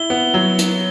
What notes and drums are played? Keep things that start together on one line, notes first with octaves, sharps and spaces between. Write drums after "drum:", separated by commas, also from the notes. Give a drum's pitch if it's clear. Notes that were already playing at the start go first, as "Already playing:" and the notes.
Already playing: E4 G7
B3
F#3
drum: hi-hat